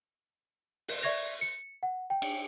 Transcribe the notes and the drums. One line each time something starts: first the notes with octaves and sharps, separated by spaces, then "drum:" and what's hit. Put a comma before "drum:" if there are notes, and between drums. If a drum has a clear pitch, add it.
drum: open hi-hat
D5 E5 C#6 G#6 A#6 F7
C#7
F#5
G5
drum: cymbal